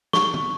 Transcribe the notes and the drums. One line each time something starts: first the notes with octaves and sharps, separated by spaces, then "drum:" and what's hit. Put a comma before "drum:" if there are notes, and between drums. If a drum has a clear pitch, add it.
C#6, drum: snare
drum: tom